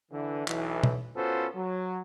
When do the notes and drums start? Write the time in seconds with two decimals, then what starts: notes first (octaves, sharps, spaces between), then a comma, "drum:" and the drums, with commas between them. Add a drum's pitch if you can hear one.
0.12 D3 E3
0.48 B1 E3, drum: clap
0.83 drum: tom B2
1.15 B3 C#4 F4 F#4 A4 C5
1.56 F#3